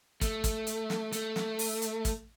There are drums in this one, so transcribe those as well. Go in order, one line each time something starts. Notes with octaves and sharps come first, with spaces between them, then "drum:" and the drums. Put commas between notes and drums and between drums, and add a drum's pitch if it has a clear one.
A3, drum: kick, hi-hat
drum: kick, hi-hat
drum: hi-hat
drum: snare
A3, drum: hi-hat
drum: snare
drum: open hi-hat
drum: hi-hat
drum: kick, hi-hat